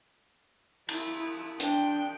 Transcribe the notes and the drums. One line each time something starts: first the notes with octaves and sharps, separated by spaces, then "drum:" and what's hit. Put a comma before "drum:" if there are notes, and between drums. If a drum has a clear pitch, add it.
E4, drum: cymbal
D4 G5, drum: hi-hat